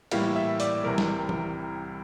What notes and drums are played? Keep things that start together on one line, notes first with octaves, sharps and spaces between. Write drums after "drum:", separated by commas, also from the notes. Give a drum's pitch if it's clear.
A2 E3 G3 A#3 E4 F5, drum: cymbal
E5
D5, drum: hi-hat
C2 C3 E3 A#4
drum: snare
drum: tom E3